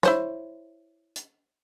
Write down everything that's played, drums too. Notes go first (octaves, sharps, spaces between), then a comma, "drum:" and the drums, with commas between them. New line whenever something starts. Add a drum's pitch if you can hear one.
E4 C5 C#5, drum: snare
drum: hi-hat